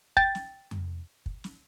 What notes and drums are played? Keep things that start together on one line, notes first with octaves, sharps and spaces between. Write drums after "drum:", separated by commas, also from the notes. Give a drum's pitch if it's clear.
G5 A6, drum: kick
drum: snare
drum: tom F2
drum: kick
drum: snare